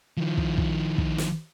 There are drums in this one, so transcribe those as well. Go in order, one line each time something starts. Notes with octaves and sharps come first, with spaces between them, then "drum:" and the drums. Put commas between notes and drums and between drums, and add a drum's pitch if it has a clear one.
D#3 F3
drum: kick
drum: kick
drum: kick
drum: snare